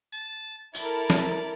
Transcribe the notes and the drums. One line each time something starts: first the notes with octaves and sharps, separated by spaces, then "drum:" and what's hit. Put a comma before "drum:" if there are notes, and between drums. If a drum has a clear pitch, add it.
A5
E4 A4 A#4 D5, drum: tambourine
drum: snare